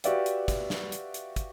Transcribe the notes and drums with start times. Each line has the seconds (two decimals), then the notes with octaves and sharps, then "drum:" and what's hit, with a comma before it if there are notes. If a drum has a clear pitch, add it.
0.04 F#4 G4 B4 D5 E5 F5, drum: hi-hat
0.26 drum: hi-hat
0.48 drum: kick, hi-hat
0.70 drum: snare
0.92 drum: hi-hat
1.14 drum: hi-hat
1.36 drum: kick, hi-hat